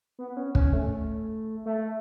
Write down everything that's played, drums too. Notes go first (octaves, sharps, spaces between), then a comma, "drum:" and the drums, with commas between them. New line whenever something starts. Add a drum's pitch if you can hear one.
B3
C#4
C#4, drum: kick
A3
A3